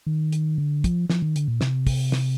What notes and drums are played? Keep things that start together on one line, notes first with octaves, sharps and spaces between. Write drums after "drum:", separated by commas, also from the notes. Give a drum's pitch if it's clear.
D#3
drum: hi-hat
D3
F3, drum: kick, hi-hat
F3, drum: snare
D#3
D3, drum: hi-hat
A#2
C3, drum: snare
drum: kick, open hi-hat
drum: snare